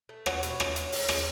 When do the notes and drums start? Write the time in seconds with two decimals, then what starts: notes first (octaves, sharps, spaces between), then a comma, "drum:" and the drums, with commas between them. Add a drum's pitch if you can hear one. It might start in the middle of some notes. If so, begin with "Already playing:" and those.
0.09 A3
0.26 F#3 C#5, drum: rim click
0.43 B2, drum: hi-hat
0.50 C#5
0.60 A3, drum: rim click
0.76 G#3, drum: hi-hat
0.92 D#3, drum: open hi-hat
1.08 G#3, drum: rim click